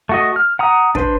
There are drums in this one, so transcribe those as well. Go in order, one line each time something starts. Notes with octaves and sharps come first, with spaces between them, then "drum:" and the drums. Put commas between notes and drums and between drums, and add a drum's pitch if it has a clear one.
A3 F#4 D#5
F6
F#5 A#5 D#6
D4 B4 C5, drum: kick